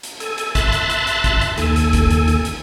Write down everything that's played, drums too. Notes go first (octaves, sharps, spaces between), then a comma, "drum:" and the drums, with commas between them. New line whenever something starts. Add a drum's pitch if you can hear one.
drum: hi-hat
A4 G#5, drum: hi-hat
drum: hi-hat
E5 A5 B5 C6 F#6 A6, drum: kick A1, hi-hat
drum: hi-hat
drum: hi-hat
drum: hi-hat
drum: kick A1, hi-hat
drum: hi-hat
D#2 A4 G#5, drum: hi-hat
drum: hi-hat
drum: kick A1, hi-hat
drum: hi-hat
drum: hi-hat
drum: hi-hat